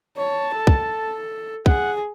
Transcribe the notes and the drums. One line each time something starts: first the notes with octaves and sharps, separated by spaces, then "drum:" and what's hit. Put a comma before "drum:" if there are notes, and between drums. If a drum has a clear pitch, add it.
C#5 A5
A4
drum: kick
G#4 F#5, drum: kick